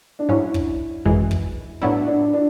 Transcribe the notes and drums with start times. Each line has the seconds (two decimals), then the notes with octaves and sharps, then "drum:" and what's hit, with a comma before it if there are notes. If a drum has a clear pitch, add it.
0.19 D4
0.29 G#2 F#3 C#4 E4
0.54 drum: kick
1.05 G#1 F#2 E3 G#3
1.31 drum: kick
1.82 A2 F#3 B3 D4 E4
2.07 D4
2.33 D4